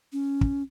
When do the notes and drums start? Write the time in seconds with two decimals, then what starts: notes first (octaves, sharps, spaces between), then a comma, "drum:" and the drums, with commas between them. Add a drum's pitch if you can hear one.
0.12 C#4
0.41 drum: kick